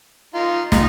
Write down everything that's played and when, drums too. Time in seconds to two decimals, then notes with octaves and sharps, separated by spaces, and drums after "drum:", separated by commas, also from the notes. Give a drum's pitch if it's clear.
0.34 D#4 F4
0.72 D#4 F4, drum: snare